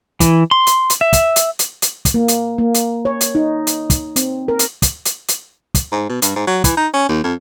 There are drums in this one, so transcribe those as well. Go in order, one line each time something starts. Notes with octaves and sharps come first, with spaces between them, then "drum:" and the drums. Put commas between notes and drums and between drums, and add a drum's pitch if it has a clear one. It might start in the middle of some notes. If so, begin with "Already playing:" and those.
E3, drum: kick, hi-hat
C6
drum: hi-hat
drum: hi-hat
E5
drum: kick, hi-hat
drum: hi-hat
drum: hi-hat
drum: hi-hat
drum: kick, hi-hat
A#3
drum: hi-hat
A#3
drum: hi-hat
C#5
drum: hi-hat
D#4
drum: hi-hat
drum: kick, hi-hat
C4, drum: hi-hat
A#4
drum: hi-hat
drum: kick, hi-hat
drum: hi-hat
drum: hi-hat
drum: kick, hi-hat
G#2
B2
G2, drum: hi-hat
G#2
F#3
E3, drum: kick, hi-hat
D#4
C#4
D#2
F2